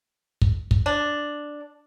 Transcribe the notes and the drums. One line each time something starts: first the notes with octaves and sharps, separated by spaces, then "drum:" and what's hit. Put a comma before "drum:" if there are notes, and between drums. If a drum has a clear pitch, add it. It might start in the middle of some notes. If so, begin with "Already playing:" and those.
drum: kick
drum: kick
D4